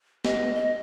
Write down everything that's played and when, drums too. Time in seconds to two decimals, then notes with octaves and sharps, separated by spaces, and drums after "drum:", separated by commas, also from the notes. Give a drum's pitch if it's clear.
0.25 D#5, drum: snare
0.55 D#5